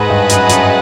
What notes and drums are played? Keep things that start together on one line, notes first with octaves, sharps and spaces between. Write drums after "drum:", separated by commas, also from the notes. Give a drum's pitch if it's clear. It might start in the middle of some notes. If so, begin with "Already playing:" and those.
Already playing: G#2 G#4 B4 D#5 F#5 A5
G2
F#2, drum: hi-hat
F#2, drum: hi-hat